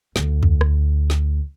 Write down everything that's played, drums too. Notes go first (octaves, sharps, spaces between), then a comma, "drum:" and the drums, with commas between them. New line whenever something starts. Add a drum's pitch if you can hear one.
D2, drum: snare
drum: tom E2
drum: rim click
drum: snare